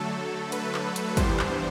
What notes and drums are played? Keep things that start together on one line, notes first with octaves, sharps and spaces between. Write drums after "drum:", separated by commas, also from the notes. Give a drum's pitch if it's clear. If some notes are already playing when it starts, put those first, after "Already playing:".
Already playing: D3 F#3 A3 A4
B4, drum: hi-hat
drum: clap
drum: hi-hat
G2 E3 G3 B3 D4 C5, drum: kick, hi-hat
drum: clap